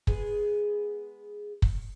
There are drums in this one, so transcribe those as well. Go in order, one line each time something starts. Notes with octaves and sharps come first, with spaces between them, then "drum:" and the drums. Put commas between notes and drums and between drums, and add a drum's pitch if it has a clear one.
G#3 B3 G#4, drum: kick
drum: kick